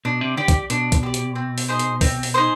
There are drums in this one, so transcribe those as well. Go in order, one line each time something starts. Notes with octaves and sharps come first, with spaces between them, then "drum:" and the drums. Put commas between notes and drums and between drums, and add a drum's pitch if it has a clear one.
B2 D4
C3
D3 G4 D5
drum: kick B1, hi-hat
B2 D4, drum: hi-hat
drum: kick B1, hi-hat
G4 D5
drum: hi-hat
C4
drum: open hi-hat
D#4 G#4 C5
drum: hi-hat
C4, drum: kick B1, open hi-hat
drum: open hi-hat
D#4 G#4 C5